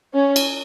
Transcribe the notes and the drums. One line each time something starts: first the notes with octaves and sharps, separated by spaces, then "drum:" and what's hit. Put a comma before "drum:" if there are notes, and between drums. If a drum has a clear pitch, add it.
C#4
drum: cymbal